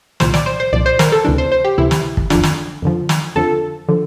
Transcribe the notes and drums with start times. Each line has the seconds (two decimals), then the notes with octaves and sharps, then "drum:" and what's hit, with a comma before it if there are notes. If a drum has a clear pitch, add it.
0.20 C2 A#2 F3 C5, drum: snare
0.34 D5, drum: snare
0.46 C5
0.60 C5
0.73 C2 A#2 F3 D5
0.86 C5
0.99 A#4, drum: snare
1.12 A4
1.25 D2 C3 E3 D4
1.38 C5
1.52 C5
1.65 G4
1.78 D2 C3 E3 E4
1.91 drum: snare
2.17 drum: kick
2.30 F2 D3 F3 D4, drum: snare
2.43 drum: snare
2.82 F2 D3 F3
3.09 drum: snare
3.36 F2 D3 F3 A4
3.88 D3 F3